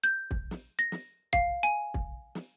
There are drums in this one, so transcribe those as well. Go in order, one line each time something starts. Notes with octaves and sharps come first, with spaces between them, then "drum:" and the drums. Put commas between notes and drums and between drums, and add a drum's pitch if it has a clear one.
G6
drum: kick
drum: snare
A#6
drum: snare
F5, drum: kick
G#5
drum: kick
drum: snare